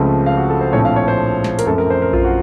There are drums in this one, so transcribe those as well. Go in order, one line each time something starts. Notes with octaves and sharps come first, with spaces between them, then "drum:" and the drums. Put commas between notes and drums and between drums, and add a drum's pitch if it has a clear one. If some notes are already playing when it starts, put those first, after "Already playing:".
Already playing: C#2 C#3 F3 A3 C4
F5
F#4
A4
C5
A#1 A2 F3 C4 C#5
F5
C#5
C5
drum: snare
A#4, drum: hi-hat
F#2 F3 A3 C4 A4
A#4
C5
A#4
F4, drum: kick A#1
F#4